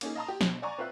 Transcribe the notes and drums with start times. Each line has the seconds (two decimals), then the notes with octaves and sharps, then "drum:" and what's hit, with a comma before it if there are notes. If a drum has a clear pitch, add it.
0.01 A#3 C#4 D#4 G#4, drum: cymbal
0.16 D#5 F5 A5 A#5 C6 D#6
0.28 G4
0.41 B2, drum: snare
0.62 D5 F#5 G#5 A#5 C#6
0.78 C4 F4 B4 E5 F#6